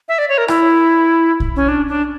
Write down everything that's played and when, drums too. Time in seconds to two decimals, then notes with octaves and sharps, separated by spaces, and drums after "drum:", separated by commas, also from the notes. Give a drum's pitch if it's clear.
0.09 E5
0.19 D5
0.29 C#5
0.38 A#4
0.48 E4, drum: rim click
1.40 drum: kick B1
1.56 C#4
1.68 D4
1.88 D4